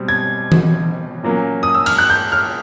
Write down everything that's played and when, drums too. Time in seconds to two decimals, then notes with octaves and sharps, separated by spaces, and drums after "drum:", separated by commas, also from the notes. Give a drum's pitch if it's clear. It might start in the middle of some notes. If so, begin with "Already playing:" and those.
Already playing: B2 G3 C4
0.08 G#6
0.52 drum: tom E3
1.23 A#2 F#3 A#3 C#4
1.63 D#6
1.75 E6
1.86 F6, drum: cymbal
1.98 F#6
2.10 G6
2.32 F6